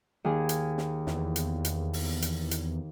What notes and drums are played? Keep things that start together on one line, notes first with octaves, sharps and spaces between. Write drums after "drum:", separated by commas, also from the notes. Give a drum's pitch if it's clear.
D#2 G#4
drum: hi-hat
drum: snare
E2, drum: snare
drum: hi-hat
drum: hi-hat
drum: open hi-hat
drum: hi-hat
drum: hi-hat